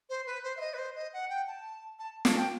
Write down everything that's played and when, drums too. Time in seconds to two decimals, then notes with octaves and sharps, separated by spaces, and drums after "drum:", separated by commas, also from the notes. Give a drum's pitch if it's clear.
0.10 C5
0.27 B4
0.43 C5
0.57 E5
0.61 D#5
0.74 B4
0.78 C5
0.96 D#5
1.13 F#5
1.30 G5
1.47 A5
1.99 A5
2.25 A5, drum: snare
2.37 G5